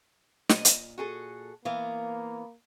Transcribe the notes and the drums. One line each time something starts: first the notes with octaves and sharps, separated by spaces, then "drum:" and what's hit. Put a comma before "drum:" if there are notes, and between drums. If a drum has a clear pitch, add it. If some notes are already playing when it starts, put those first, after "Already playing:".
A#2 D#5, drum: snare
drum: hi-hat
F#4 G#4 A4
E3 A#3 B3 A#4 F5